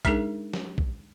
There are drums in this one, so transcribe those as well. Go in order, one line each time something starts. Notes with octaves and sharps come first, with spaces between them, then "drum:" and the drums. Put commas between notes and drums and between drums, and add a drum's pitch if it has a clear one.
G#3 D4 D#4 G#4 A#4, drum: kick, hi-hat
drum: snare
drum: kick